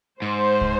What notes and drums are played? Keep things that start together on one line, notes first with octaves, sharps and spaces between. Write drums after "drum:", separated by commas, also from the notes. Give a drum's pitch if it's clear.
G#2 C5
drum: kick